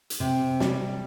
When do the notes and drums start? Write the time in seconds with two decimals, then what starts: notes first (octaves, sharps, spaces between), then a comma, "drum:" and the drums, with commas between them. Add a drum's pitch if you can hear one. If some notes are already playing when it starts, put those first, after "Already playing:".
0.10 drum: hi-hat
0.20 C3
0.60 G3, drum: snare